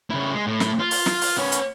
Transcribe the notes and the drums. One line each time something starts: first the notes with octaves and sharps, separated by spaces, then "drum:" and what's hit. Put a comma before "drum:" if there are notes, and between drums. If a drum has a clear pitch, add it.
C#3 E4
G#3
A2
drum: snare
F4
drum: open hi-hat
drum: snare
drum: open hi-hat
B3 C#4
drum: hi-hat